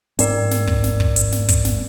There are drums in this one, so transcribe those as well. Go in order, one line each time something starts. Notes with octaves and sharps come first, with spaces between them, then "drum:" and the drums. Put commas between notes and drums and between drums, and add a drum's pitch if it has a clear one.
G#2 C4 A#4 D5, drum: hi-hat
drum: snare
drum: kick
drum: snare
drum: kick
drum: hi-hat
drum: snare
drum: kick, hi-hat
drum: snare